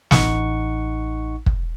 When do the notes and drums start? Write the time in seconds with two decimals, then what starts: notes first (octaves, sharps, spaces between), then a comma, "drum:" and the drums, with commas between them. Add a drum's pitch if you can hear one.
0.11 A1 D#4 F#5 C#6, drum: snare
1.46 drum: kick